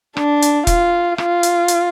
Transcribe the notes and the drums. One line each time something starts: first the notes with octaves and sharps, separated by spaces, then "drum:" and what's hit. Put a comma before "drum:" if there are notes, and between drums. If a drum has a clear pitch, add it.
D4, drum: rim click
drum: hi-hat
F4, drum: kick E1, hi-hat
F4, drum: rim click
drum: hi-hat
drum: hi-hat